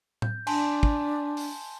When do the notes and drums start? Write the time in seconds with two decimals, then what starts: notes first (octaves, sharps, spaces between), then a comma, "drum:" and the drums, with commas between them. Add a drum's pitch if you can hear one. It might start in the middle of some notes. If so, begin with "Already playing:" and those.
0.22 G6, drum: tom A2
0.47 D4 G#5 A5 C6, drum: cymbal
0.83 drum: kick
1.37 drum: open hi-hat